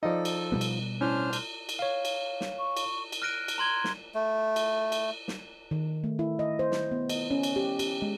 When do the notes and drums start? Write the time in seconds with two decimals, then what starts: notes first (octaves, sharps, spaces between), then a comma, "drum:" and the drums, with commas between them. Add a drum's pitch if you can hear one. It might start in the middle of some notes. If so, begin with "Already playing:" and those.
0.03 F3 D#4 A4 D5 D#5
0.25 drum: cymbal
0.52 B2 G3 B3
0.61 drum: cymbal
1.01 A2 C#4 D4 C5 F6
1.33 drum: cymbal
1.69 drum: cymbal
1.79 C#5 F5
2.05 drum: cymbal
2.41 drum: snare
2.59 C#6
2.77 drum: cymbal
3.12 drum: cymbal
3.22 F6 F#6 A#6 D7 D#7
3.48 drum: cymbal
3.58 A#5 C6 G#6 G7
3.84 drum: snare
4.15 A3
4.56 drum: cymbal
4.92 drum: cymbal
5.28 drum: snare
5.71 D#3
6.04 A3
6.19 E4
6.39 D#5
6.59 C5
6.72 drum: snare
6.91 B3
7.09 D#5, drum: cymbal
7.31 C#4
7.43 drum: cymbal
7.56 G4
7.79 G4, drum: cymbal
8.02 G#3